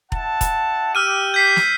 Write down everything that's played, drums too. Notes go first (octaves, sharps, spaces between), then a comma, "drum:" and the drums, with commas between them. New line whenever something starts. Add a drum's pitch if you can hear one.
E4 F#5 A5, drum: kick E1
drum: kick E1, hi-hat
G4 E6 F6 D#7
G6 B6 C7
drum: snare